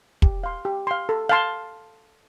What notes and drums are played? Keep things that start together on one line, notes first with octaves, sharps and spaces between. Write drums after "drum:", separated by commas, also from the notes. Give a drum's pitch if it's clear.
G4, drum: kick
F5 C6
G4
F5 C6
A4
F5 A5 C6